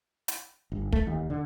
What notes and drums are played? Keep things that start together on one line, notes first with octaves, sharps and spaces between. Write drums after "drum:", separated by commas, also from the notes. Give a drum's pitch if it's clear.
drum: hi-hat
G1
A3, drum: kick
D#2
D3